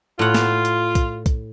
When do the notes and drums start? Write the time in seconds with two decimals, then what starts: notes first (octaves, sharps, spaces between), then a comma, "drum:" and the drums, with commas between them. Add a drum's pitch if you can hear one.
0.19 A2 F4 F#5
0.34 drum: snare
0.65 drum: hi-hat
0.95 drum: kick B1, hi-hat
1.26 drum: kick B1, hi-hat